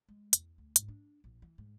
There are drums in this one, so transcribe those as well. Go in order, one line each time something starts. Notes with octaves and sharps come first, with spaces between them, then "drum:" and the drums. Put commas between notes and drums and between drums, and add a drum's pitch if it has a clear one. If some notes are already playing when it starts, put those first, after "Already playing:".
G#3
E2, drum: hi-hat
D2
G#2, drum: hi-hat
D4
A#1
E3
G#2